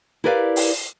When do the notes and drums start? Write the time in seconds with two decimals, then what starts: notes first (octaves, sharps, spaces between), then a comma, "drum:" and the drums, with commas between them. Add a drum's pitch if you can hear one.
0.24 E4 G4 A#4 B4 D5 F5
0.56 drum: open hi-hat